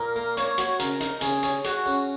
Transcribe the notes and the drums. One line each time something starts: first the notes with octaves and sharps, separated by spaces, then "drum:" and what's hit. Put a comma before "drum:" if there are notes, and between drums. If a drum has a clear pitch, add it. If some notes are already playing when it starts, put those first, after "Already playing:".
Already playing: A#2 A#4
A#3
A#3 C#5, drum: hi-hat
F#4, drum: hi-hat
C#3 A#4, drum: hi-hat
D#4, drum: hi-hat
C#3 G#4, drum: hi-hat
C#4, drum: hi-hat
F#4 G#4, drum: hi-hat
C#3